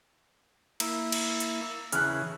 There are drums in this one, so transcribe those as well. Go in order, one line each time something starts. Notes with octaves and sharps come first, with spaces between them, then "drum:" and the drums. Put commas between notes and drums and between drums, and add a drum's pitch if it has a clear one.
A#3 E4, drum: cymbal
drum: cymbal
drum: hi-hat
C#3 E3 G#4 F6 F#6, drum: hi-hat